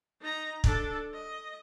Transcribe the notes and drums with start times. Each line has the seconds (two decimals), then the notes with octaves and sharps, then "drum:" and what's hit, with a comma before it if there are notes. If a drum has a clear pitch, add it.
0.22 D#4 A#5
0.64 D4 A4, drum: kick
1.13 D#5